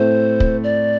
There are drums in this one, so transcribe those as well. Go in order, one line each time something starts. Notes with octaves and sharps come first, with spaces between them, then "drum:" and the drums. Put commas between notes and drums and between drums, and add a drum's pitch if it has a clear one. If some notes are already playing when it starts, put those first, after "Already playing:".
Already playing: A2 A3 C4 C5
drum: kick
D5